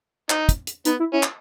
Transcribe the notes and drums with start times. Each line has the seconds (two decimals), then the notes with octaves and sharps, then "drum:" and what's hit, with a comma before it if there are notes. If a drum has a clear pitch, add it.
0.30 D#4, drum: clap
0.49 drum: kick, hi-hat
0.67 drum: hi-hat
0.85 B3 D#4, drum: hi-hat
1.00 E4
1.13 C#4 E4
1.23 drum: clap